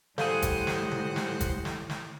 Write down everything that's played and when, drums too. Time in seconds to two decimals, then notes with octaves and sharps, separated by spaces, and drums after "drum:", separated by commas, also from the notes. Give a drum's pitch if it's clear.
0.18 A2 G3 G#4 A4 C5 F5 F#5, drum: snare
0.42 drum: kick, hi-hat
0.67 drum: snare
0.91 drum: tom D3
1.16 drum: snare
1.40 drum: kick, hi-hat
1.65 drum: snare
1.90 drum: snare